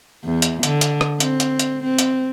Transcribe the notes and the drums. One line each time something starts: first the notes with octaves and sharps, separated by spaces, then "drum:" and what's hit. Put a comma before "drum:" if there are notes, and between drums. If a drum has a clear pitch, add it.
E2
drum: hi-hat
D3, drum: hi-hat
drum: hi-hat
drum: rim click
C4, drum: hi-hat
drum: hi-hat
drum: hi-hat
C4
drum: hi-hat